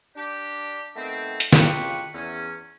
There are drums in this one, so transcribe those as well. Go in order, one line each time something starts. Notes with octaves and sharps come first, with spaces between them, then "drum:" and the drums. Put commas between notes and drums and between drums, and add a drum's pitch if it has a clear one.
D4 G4
D#3 A3 B3 C4
drum: hi-hat
C#2 F4 G4 B4 C#6, drum: snare
E2 C#4